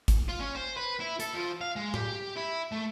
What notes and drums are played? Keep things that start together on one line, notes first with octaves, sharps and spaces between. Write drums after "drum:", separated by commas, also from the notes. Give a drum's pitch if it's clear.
drum: kick G#1, hi-hat
F4
C#4
C5
B4
E4
A4, drum: hi-hat
F3
F5
G#3
G4, drum: tom A2
E4
A3